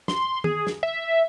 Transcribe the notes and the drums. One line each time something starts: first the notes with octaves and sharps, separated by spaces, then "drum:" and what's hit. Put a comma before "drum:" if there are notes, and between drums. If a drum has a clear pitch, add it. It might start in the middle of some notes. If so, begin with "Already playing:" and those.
C6, drum: snare
G#4, drum: tom D#3
drum: snare
E5